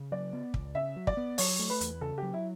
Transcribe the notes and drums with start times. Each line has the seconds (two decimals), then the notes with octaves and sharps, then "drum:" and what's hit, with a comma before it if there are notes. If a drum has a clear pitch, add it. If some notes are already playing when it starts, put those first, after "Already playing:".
Already playing: C#3
0.12 F#3 D5
0.33 B3
0.54 C#2, drum: kick
0.75 C#3 E5
0.96 F#3
1.07 D5, drum: kick
1.17 B3
1.38 F#3 C#5, drum: open hi-hat
1.59 A3
1.70 B4
1.81 E2, drum: hi-hat
2.01 C#3 A4
2.18 F#3 G4
2.34 E4